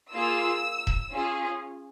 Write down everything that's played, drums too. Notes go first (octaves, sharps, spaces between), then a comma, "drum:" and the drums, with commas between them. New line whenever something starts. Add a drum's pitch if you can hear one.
A#3 F4 G#4 E6
drum: kick E1
C#4 F4 G#4